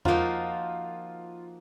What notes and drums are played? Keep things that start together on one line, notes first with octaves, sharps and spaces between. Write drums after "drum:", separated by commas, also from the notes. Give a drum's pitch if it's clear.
F3 A#3 D#4 F4 F#4, drum: tom E2